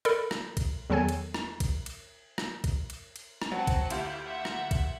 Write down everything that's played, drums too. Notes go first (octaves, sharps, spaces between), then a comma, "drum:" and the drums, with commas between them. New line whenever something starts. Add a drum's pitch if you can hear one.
A4 A#4 D5 B5, drum: cymbal
drum: rim click
drum: kick, cymbal
E2 D#3 F#3 A4 G#5 G#6
drum: cymbal
drum: rim click
drum: kick, cymbal
drum: cymbal
drum: rim click
drum: kick, cymbal
drum: cymbal
drum: cymbal
drum: rim click
F#3 C4 F#5 A5
drum: kick, cymbal
D2 E4 F4 G4, drum: cymbal
E5 F#5
drum: rim click
drum: kick, cymbal